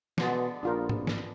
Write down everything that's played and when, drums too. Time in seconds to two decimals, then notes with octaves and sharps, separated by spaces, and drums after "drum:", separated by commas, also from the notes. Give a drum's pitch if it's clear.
0.18 B2 D3 G#3 B3, drum: snare
0.63 A#1 D4 F4 A#4
0.89 drum: tom G#2
1.07 drum: snare